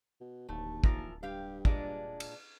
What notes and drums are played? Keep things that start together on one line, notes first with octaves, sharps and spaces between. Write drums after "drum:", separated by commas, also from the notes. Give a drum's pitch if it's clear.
B2
D1 D#2 A3
E3 F3 A#4, drum: kick
G2 G4 F5
A#2 G#3 D4, drum: kick
drum: cymbal